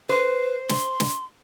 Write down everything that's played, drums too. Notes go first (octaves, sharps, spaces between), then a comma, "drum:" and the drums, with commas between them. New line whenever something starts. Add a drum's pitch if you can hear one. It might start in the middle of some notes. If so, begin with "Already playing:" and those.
B4 C5
C6, drum: snare
drum: snare